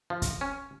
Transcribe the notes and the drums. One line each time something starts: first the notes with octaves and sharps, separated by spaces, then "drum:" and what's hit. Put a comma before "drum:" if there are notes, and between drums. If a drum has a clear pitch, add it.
F3
drum: kick, hi-hat
C#4